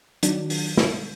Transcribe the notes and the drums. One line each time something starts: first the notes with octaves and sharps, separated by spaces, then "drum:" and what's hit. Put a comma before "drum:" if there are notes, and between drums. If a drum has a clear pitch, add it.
D#3 F#3 D4, drum: hi-hat
drum: open hi-hat
drum: snare